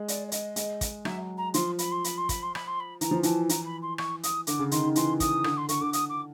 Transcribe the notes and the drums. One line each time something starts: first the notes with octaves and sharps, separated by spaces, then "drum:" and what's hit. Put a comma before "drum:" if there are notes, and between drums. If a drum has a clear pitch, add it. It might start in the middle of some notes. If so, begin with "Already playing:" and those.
Already playing: G#3
D5, drum: hi-hat
D5
D#5, drum: hi-hat
G#3, drum: hi-hat
drum: kick, hi-hat
F#3 E5, drum: rim click
A#5
F3 C6, drum: hi-hat
B5, drum: hi-hat
C6
B5, drum: hi-hat
C6
B5, drum: kick, hi-hat
C6
B5, drum: rim click
C6
B5
E3 A#5, drum: hi-hat
F3
E3 A5, drum: hi-hat
E3 A#5, drum: hi-hat
B5
C6
C#6, drum: rim click
D#6, drum: hi-hat
D3 D6, drum: hi-hat
C#3
D#3 C6, drum: hi-hat
D#3
E3 C6, drum: hi-hat
D#6, drum: kick, hi-hat
D3, drum: rim click
C6
D3 C#6, drum: hi-hat
D3 D6
D#6, drum: hi-hat
D6